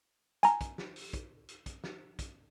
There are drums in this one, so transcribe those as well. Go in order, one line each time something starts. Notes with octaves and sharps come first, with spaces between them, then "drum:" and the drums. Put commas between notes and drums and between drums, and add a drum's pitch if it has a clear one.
G#5 A#5, drum: hi-hat
drum: kick, hi-hat
drum: snare
drum: open hi-hat
drum: kick, hi-hat
drum: hi-hat
drum: kick, hi-hat
drum: snare
drum: kick, hi-hat